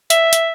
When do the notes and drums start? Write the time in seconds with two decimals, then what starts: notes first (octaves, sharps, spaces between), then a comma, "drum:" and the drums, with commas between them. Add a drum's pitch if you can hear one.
0.10 E5, drum: hi-hat
0.33 drum: hi-hat